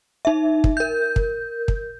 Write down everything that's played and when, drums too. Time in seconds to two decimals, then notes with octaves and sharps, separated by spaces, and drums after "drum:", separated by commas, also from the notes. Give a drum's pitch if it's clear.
0.25 D#4 E5
0.64 drum: kick
0.77 A#4 G6
1.16 drum: kick
1.68 drum: kick